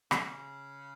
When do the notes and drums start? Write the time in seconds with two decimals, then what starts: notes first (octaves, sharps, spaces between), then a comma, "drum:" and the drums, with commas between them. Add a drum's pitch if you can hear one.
0.11 C#3, drum: rim click